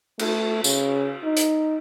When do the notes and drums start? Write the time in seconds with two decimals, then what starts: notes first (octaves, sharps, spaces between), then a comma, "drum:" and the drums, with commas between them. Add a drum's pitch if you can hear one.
0.19 A3, drum: cymbal
0.64 C#3, drum: tambourine
1.24 D#4
1.37 drum: hi-hat